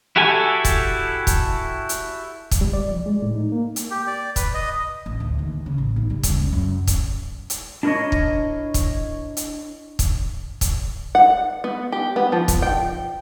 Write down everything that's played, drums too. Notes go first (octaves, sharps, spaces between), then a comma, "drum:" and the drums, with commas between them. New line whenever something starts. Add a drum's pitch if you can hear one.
E4 F#4 G4 A4 G#5
drum: kick, hi-hat
drum: kick, hi-hat
drum: hi-hat
drum: kick, hi-hat
G3
D5
F3
G#3
A2
D#4
A#3
drum: hi-hat
G4
D5
B4, drum: kick, hi-hat
D#5
A1
D2
D#2
C#3
A1
B1
G3
C#3, drum: kick, hi-hat
C#2
F#2
drum: kick, hi-hat
drum: hi-hat
D4 E4 A#4 B4 C#5 D#5
drum: kick
drum: kick, hi-hat
drum: hi-hat
drum: kick, hi-hat
drum: kick, hi-hat
F#5
B3
G4
B3
F3
drum: kick, hi-hat
G5